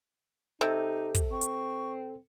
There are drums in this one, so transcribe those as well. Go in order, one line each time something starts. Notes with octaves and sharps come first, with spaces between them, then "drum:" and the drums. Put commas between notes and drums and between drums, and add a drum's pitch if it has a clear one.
C3 D#4 G4 A4
drum: kick, hi-hat
C4 C#6
drum: hi-hat